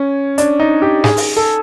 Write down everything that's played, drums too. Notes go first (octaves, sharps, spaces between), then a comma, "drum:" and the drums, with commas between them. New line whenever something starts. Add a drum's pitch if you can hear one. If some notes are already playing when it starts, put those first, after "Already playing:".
Already playing: C#4
D4, drum: hi-hat
D#4
G4
G#4, drum: snare
drum: open hi-hat
A4